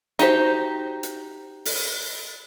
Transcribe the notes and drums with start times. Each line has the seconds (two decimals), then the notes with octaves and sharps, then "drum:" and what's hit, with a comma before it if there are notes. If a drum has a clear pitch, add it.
0.19 D#4 F#4 G4 C5, drum: hi-hat
1.03 drum: hi-hat
1.65 drum: open hi-hat